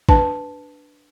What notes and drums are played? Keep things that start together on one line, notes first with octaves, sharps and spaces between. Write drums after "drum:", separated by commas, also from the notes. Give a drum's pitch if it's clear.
D4 B4 A5, drum: kick